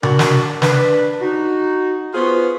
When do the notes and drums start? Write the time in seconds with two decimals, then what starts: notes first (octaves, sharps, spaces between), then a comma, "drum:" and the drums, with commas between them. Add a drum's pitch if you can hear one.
0.03 A#3 D4 F#4 A#4, drum: tom C3
0.19 drum: snare
0.62 D4 B4, drum: snare
1.21 D#4 F#4
2.14 B3 F4 F#4 G#4 B4 C5